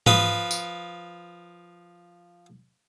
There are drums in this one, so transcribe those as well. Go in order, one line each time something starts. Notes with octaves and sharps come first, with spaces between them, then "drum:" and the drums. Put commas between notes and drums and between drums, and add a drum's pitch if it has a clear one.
F3 B4 D#6, drum: tom G#2
drum: tambourine